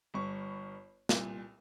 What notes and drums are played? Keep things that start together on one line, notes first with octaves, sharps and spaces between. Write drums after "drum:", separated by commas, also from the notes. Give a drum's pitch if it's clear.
G1 G2 C#6
C2 A#2, drum: snare